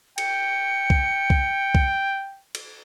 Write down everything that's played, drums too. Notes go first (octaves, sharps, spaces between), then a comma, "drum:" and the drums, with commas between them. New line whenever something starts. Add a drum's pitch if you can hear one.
G5 C#7, drum: cymbal
drum: kick
drum: kick
drum: kick
drum: cymbal